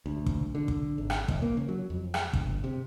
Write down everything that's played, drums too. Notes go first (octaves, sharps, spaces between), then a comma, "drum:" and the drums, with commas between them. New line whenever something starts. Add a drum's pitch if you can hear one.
D2
drum: kick
D3
drum: kick
G#1
drum: rim click
E1, drum: kick
A#3
C#3
F#3
F2
drum: rim click
G1, drum: kick
C3